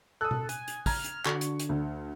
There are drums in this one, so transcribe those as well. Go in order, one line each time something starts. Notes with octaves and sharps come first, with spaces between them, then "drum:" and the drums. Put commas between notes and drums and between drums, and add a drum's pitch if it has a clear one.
A4 D#6 F#6
drum: tom B2
G#5, drum: hi-hat
drum: hi-hat
A#5 F6 G#6, drum: kick, open hi-hat
drum: hi-hat
D3 F#4 C#6, drum: clap
drum: hi-hat
drum: hi-hat
D2